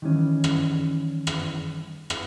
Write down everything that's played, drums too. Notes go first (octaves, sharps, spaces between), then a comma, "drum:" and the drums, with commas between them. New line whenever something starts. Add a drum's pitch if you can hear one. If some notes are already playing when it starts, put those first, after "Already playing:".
D#3 E3 G3 C#4
drum: rim click
drum: rim click
drum: rim click